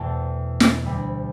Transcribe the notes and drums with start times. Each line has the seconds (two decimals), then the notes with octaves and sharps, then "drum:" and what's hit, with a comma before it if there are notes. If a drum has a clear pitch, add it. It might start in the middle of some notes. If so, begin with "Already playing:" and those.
Already playing: E2 B2 A3 C4 E5 G5 A5
0.60 drum: snare
0.84 D2 D3 G3 C4 B5